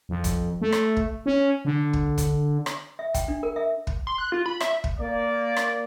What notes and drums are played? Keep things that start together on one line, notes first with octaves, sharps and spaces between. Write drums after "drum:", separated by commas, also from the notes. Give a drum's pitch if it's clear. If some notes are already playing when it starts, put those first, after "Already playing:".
F2
drum: kick, hi-hat
A3
drum: rim click
drum: kick
C#4
D3
drum: kick
drum: kick, hi-hat
drum: rim click
E5
G5, drum: kick, hi-hat
D4
A#4
E5
drum: kick
C6
F#6
F4
B5
E5, drum: rim click
drum: kick
A#3 D5
drum: rim click